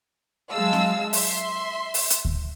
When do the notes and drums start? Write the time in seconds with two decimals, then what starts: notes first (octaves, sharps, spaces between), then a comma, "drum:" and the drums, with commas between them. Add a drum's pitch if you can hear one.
0.53 F#3 G#3 F5 A5 E6
0.73 drum: snare C4
1.13 E5 C6, drum: open hi-hat
1.94 drum: open hi-hat
2.10 drum: hi-hat
2.25 drum: kick D2